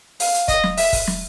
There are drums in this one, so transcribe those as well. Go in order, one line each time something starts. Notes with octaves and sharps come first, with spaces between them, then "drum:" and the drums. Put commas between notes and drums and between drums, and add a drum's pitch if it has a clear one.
F5, drum: open hi-hat
drum: hi-hat
D#5, drum: kick, hi-hat
drum: snare
E5, drum: open hi-hat
drum: kick, open hi-hat
drum: snare